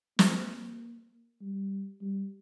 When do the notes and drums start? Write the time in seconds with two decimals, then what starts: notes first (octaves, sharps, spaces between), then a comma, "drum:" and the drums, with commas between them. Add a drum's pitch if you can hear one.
0.19 A#3, drum: snare
1.41 G3
2.02 G3